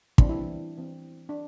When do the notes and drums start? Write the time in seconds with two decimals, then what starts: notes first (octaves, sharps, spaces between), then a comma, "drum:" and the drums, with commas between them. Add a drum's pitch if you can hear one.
0.18 E3 G3 C4 D4, drum: kick
0.29 E4
0.39 D4
0.77 E3 C4
1.29 D4